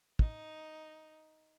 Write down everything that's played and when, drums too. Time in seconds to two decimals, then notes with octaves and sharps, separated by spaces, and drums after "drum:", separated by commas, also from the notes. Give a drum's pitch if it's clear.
0.19 D#4, drum: kick